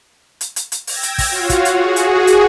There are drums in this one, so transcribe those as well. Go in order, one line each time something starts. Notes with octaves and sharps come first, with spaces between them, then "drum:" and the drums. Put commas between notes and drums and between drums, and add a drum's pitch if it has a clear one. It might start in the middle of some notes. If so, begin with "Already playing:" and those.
drum: hi-hat
drum: hi-hat
drum: hi-hat
G5 E6 G#6 A#6, drum: open hi-hat
drum: hi-hat
drum: kick, open hi-hat
F4 F#4 C#5 F5 F#5
drum: kick, hi-hat
drum: hi-hat
F#4 G#4
drum: hi-hat
drum: hi-hat